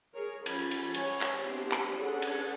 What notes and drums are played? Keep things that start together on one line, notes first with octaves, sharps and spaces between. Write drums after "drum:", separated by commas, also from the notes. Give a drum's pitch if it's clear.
G#4 A#4 C#5
F3 C#4 A#4 B5, drum: cymbal
drum: cymbal
C#5 G#5 B5, drum: cymbal
drum: clap
B3 C4 D4 E4 G4 C5
drum: clap
C#4 D4 G#4 A4 B4 F#5
drum: cymbal